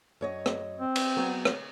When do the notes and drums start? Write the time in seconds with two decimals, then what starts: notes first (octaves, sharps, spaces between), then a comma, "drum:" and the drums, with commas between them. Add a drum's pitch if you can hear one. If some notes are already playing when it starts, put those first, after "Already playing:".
0.21 F#2 C#5 D#5
0.46 drum: rim click
0.80 C4
0.96 drum: cymbal
1.17 F#3 B3
1.45 drum: rim click